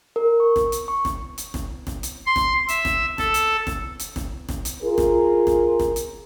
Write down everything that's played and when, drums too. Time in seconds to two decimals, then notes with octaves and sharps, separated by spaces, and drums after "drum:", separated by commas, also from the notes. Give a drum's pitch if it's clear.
0.16 A#4
0.40 C#6
0.56 drum: snare
0.72 drum: hi-hat
0.88 C#6
1.05 drum: snare
1.38 drum: hi-hat
1.54 drum: snare
1.87 drum: snare
2.03 drum: hi-hat
2.26 C6
2.36 drum: snare
2.69 E5, drum: hi-hat
2.85 drum: snare
3.18 A4, drum: snare
3.34 drum: hi-hat
3.67 drum: snare
3.99 drum: hi-hat
4.16 drum: snare
4.49 drum: snare
4.65 drum: hi-hat
4.81 F4 G#4 A#4
4.98 drum: snare
5.47 drum: snare
5.80 drum: snare
5.96 drum: hi-hat